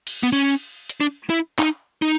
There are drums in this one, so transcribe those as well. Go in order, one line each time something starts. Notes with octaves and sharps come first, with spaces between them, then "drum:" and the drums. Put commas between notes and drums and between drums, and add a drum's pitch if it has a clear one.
drum: cymbal
B3
C#4
drum: hi-hat
D4
E4
D#4, drum: clap
D#4